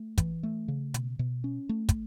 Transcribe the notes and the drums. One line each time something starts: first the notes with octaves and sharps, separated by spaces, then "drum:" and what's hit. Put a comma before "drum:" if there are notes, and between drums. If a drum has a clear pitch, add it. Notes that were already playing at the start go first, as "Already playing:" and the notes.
Already playing: A3
E3, drum: kick, hi-hat
A3
C#3
B2, drum: hi-hat
B2
C#4
A3
drum: kick, hi-hat